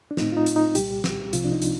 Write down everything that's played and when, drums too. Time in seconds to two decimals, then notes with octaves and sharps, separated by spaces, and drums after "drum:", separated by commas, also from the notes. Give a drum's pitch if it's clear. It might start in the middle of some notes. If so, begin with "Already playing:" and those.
0.11 D4
0.17 A2 A3 C4 D#4, drum: snare
0.32 F4
0.37 D#4
0.46 drum: hi-hat
0.56 D#4
0.75 C2 A#2 G3 G4, drum: hi-hat
1.04 drum: snare
1.33 C2 C3 F3 C4 F4, drum: hi-hat
1.44 D4
1.52 D#4
1.62 drum: hi-hat